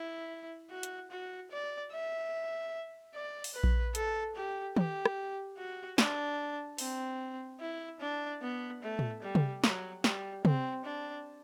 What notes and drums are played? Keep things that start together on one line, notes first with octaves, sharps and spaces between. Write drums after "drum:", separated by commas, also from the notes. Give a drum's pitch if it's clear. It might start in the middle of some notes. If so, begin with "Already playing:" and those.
Already playing: E4
F#4
drum: hi-hat
F#4
D5
E5
D5
drum: open hi-hat
B4
drum: kick A#1
A4, drum: hi-hat
G4
G4, drum: tom
drum: rim click
F#4
D4, drum: snare
C4, drum: open hi-hat
E4
D4
B3
A3
drum: tom A2
G3
drum: tom C3
F#3, drum: snare
G3, drum: snare
C4, drum: tom C3
D4